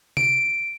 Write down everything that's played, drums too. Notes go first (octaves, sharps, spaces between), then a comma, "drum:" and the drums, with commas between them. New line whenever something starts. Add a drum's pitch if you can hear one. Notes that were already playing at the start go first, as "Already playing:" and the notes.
D7, drum: tom C3